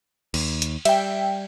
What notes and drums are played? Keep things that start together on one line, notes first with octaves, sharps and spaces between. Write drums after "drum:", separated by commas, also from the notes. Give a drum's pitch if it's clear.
D#2, drum: cymbal
drum: hi-hat
G3 E5 G5, drum: cymbal